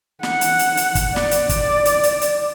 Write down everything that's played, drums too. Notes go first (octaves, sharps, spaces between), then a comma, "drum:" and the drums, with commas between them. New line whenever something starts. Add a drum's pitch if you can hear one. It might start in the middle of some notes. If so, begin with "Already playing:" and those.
F#5, drum: snare
drum: hi-hat
drum: hi-hat
drum: hi-hat
drum: kick, hi-hat
D5, drum: snare
drum: hi-hat
drum: kick, hi-hat
drum: hi-hat
drum: hi-hat
drum: hi-hat